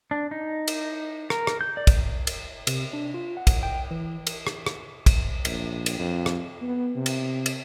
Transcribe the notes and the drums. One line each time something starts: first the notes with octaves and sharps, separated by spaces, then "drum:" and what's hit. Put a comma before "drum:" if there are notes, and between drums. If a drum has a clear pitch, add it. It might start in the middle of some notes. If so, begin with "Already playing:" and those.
D4
D#4
drum: cymbal
A#4, drum: rim click
drum: rim click
G6
D5
drum: kick, cymbal
drum: cymbal
C3, drum: cymbal
D4
F4
F#5
drum: kick, cymbal
G5
E3
drum: cymbal
drum: rim click
drum: rim click
drum: kick, cymbal
A#1, drum: cymbal
drum: cymbal
F2
drum: rim click
B3
C3
drum: cymbal
drum: cymbal